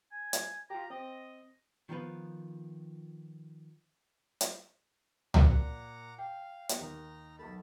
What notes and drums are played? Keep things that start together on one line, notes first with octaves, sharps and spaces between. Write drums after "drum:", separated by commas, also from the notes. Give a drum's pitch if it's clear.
G#5
drum: hi-hat
F4 G4 A#5
C4 D#5
D#3 F3 B3 F4 B4
drum: hi-hat
A#2 F#5 A#5 D6 F#6, drum: tom C#2
F5 G5
B3 G4 D#5 F#5, drum: hi-hat
D#2 D#4 A#5
B1 A3 A5 B5